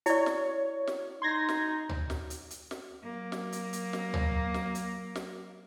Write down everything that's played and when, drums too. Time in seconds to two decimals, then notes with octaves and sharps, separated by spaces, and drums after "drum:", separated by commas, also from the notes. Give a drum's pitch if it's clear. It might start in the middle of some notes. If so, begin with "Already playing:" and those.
0.06 E4 C#5 D5, drum: hi-hat
0.26 drum: snare
0.87 drum: snare
1.22 D#4 C6 G#6 A#6
1.49 drum: snare
1.89 drum: tom
2.10 drum: snare
2.30 drum: hi-hat
2.51 drum: hi-hat
2.71 drum: snare
3.03 F#3 A#3
3.32 drum: snare
3.52 drum: hi-hat
3.73 drum: hi-hat
3.93 drum: snare
4.14 drum: tom
4.54 drum: snare
4.75 drum: hi-hat
5.15 drum: snare